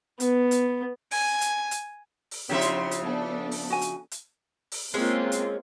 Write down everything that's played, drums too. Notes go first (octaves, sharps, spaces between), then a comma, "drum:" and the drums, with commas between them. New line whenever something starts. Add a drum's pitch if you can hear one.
B3, drum: hi-hat
drum: hi-hat
G#5, drum: open hi-hat
drum: hi-hat
drum: hi-hat
drum: open hi-hat
C#3 F3 C4 D#4 E4 G4 E5 C6
drum: hi-hat
drum: hi-hat
B3 D4 A4
drum: open hi-hat
F#4 G#5
drum: hi-hat
drum: hi-hat
drum: open hi-hat
G#3 A#3 C4 C#4 F4
drum: hi-hat